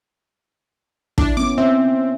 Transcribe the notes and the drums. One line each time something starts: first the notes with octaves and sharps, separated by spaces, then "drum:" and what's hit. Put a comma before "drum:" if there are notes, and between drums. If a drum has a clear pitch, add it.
D4 E4, drum: kick
B3 C#4 D6
C4 E5